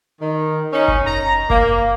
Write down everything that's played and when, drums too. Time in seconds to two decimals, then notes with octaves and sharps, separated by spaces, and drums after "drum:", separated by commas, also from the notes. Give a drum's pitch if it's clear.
0.20 D#3
0.73 C#4 D#4
0.88 drum: kick F#1
1.05 A#5
1.50 A#3, drum: kick F#1